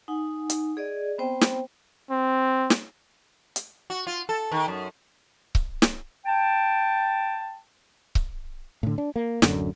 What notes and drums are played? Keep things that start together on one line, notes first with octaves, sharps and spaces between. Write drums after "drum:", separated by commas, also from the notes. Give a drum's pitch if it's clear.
D#4 F#5 G#5
drum: hi-hat
G#4 D5 D#5
B3 C4 C5 G5
drum: snare
C4
drum: snare
drum: hi-hat
F#4
F4
A4
D#3
F#2
drum: kick C#1
drum: snare
G5 A5
drum: kick C#1
A2 D3
D4
A#3
D1 F#2 D3, drum: snare